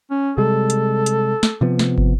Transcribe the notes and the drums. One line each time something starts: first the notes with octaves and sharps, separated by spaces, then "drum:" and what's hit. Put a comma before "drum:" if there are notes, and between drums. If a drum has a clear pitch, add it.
C#4
C3 G3 G#3 A4
drum: hi-hat
drum: hi-hat
drum: snare
C3 F3 B3
drum: snare
drum: kick